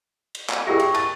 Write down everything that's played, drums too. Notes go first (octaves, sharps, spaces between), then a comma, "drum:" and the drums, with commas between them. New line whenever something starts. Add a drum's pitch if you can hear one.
drum: cymbal
drum: clap
E4 G4 G#4 A#4 G5 C#6 A#6
drum: cymbal
A5 A6, drum: cymbal